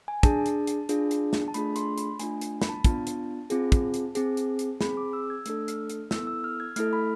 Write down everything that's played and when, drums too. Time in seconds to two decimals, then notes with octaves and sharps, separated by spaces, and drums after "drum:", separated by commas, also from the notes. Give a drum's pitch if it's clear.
0.08 G#5
0.23 D4 G#4 A5, drum: kick, hi-hat
0.46 drum: hi-hat
0.67 drum: hi-hat
0.89 D4 F4 G#4, drum: hi-hat
1.11 drum: hi-hat
1.33 drum: snare
1.48 A5
1.54 A3 D4 F4 G#4 B5, drum: hi-hat
1.76 C6, drum: hi-hat
1.98 B5, drum: hi-hat
2.20 A3 D4 F4 G#5, drum: hi-hat
2.41 drum: hi-hat
2.62 B5, drum: snare
2.69 A5
2.84 B3 D4 F4 A5, drum: kick, hi-hat
3.07 drum: hi-hat
3.50 C4 F4 G#4, drum: hi-hat
3.72 drum: kick, hi-hat
3.94 drum: hi-hat
4.15 C4 G#4, drum: hi-hat
4.37 drum: hi-hat
4.59 drum: hi-hat
4.81 C4 G#4 B5, drum: snare
4.97 D6
5.13 E6
5.30 G#6
5.46 A3 D4 A4 E6, drum: hi-hat
5.68 F6, drum: hi-hat
5.90 drum: hi-hat
6.11 B3 E4 A4 E6, drum: snare
6.27 E6
6.44 F6
6.60 G#6
6.76 A3 E4 A4 F6, drum: hi-hat
6.93 B5